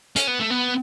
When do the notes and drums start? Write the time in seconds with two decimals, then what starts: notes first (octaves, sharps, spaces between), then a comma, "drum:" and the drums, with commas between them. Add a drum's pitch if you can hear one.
0.16 C#4, drum: hi-hat
0.27 B3
0.40 A3
0.51 B3